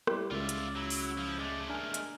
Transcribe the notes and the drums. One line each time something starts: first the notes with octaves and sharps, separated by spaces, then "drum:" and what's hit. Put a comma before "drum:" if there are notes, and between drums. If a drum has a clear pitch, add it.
G3 E4 G4, drum: rim click
C#2 C#3 F4 D5 E5
drum: hi-hat
F#3 E4
drum: open hi-hat
F3
G#3 A3 D5
D4 A#4 G#5
drum: hi-hat